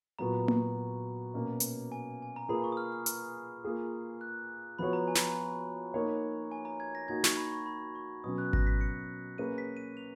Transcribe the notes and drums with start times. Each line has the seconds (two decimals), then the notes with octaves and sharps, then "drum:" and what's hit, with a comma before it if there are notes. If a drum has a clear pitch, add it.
0.19 A#2 F#3 B3 F#4 A#5
0.48 drum: tom A#3
1.34 B2 A#3 C#4
1.60 drum: hi-hat
1.92 G#5
2.22 G#5
2.36 A#5
2.49 A#3 F4 G#4 B4 B5
2.64 C#6
2.72 D#6
2.77 F6
2.92 F6
3.06 F6, drum: hi-hat
3.64 A#3 F4 G#4
4.21 F#6
4.79 F3 B3 F#4 C#5 B5
4.93 A#5
5.08 G#5
5.15 B5, drum: snare
5.22 A#5
5.94 A#3 D#4 A#4 C#5
6.52 G#5
6.65 A#5
6.80 G#6
6.95 A#6
7.08 A#3 D#4 F#4 G#6
7.24 C#6, drum: snare
7.37 B5
7.52 C#6
7.66 B5
7.95 C#6
8.24 B2 F#3 C#4 D#6
8.38 F#6
8.53 A#6, drum: kick G#1
8.67 B6
8.81 C#7
9.38 A#3 C#4 G#4 B4 D#7
9.58 B6
9.77 D#7
9.97 F7